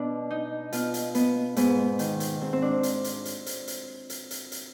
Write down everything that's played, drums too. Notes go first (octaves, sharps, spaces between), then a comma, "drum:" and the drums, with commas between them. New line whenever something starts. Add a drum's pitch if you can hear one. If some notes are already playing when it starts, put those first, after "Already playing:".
Already playing: B2 D4
D#4
B2 F4, drum: hi-hat
drum: hi-hat
B3, drum: hi-hat
G#2 B3, drum: hi-hat
D#3, drum: hi-hat
drum: hi-hat
G#2 C4
C4
D4
drum: hi-hat
drum: hi-hat
drum: hi-hat
drum: hi-hat
drum: hi-hat
drum: hi-hat
drum: hi-hat
drum: hi-hat